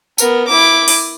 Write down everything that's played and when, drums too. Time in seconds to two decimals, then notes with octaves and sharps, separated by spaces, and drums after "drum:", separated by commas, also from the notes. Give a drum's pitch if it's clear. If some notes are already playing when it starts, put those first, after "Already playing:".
0.18 B3 A#4, drum: tambourine
0.48 E4 D6
0.88 drum: open hi-hat